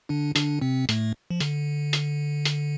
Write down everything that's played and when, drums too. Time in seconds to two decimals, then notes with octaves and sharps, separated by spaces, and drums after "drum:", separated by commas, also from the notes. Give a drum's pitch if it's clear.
0.09 D3 D4
0.36 D3 D4, drum: hi-hat
0.61 C3 C4
0.89 A2 A3, drum: hi-hat
1.31 F3
1.40 D3, drum: hi-hat
1.93 drum: hi-hat
2.45 drum: hi-hat